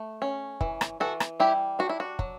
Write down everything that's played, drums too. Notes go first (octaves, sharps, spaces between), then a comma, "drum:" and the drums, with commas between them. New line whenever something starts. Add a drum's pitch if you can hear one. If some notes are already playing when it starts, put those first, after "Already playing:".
Already playing: A3
C#4
E3, drum: kick
drum: rim click
E3 F#4 A4
drum: rim click
G3 E4 G4
D4 F#4
E4
F#4
F#3, drum: kick